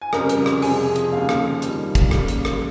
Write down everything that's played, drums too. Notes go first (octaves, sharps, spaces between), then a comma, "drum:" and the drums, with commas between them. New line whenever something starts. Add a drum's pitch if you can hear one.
G#5
F2 C#3 G3 A#4 A#5, drum: rim click
drum: hi-hat
drum: rim click
F2 C3 F3 G#4 G#5, drum: open hi-hat
drum: hi-hat
D#2 C#3 F3 F5
drum: rim click
F2 D#3 G3, drum: hi-hat
drum: kick, hi-hat
D#2 C#3 G3, drum: rim click
drum: hi-hat
drum: rim click